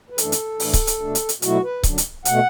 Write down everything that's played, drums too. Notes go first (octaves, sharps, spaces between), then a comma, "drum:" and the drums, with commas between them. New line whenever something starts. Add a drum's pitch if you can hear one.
B4
F#2 E3 A3 D4 A4, drum: hi-hat
drum: hi-hat
A2 E3 A3 D4, drum: open hi-hat
drum: kick C#1, hi-hat
drum: hi-hat
B2 A3 D4
drum: hi-hat
drum: hi-hat
B2 F#3 A3 E4 F#4, drum: hi-hat
B4
F#2 D3 F#3 D4, drum: kick C#1, hi-hat
drum: hi-hat
B2 A3 F#5, drum: hi-hat